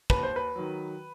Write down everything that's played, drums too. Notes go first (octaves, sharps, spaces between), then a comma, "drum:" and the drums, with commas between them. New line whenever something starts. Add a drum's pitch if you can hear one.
D#2 B4, drum: kick
C5
B4
D#3 F#3